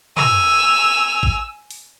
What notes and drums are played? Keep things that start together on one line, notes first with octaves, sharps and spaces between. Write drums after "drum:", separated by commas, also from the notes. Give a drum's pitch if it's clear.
G#5 E6 F7, drum: tom
drum: kick G#1
drum: open hi-hat